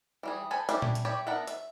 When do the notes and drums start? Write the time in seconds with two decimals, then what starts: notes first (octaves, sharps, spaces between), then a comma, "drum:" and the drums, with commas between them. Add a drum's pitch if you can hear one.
0.23 E3 G3 G#4
0.51 A4 B4 C5 G#5 B5
0.69 G3 C#4 D4 E4 G4, drum: hi-hat
0.82 drum: tom A#2
0.95 drum: hi-hat
1.05 G4 B4 C#5 D5 E5
1.27 B3 D4 A#4 E5 F#5
1.47 E5, drum: hi-hat